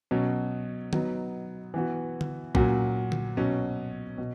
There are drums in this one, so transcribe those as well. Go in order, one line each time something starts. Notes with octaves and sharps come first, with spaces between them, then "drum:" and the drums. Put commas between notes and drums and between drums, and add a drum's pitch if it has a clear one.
B2 F#3 C#4
F#3 B3 D#4, drum: tom
E3 B3 F#4
drum: tom D3
A#2 F#3 C#4 F#4, drum: kick
drum: tom D3
B2 F#3 C#4
B2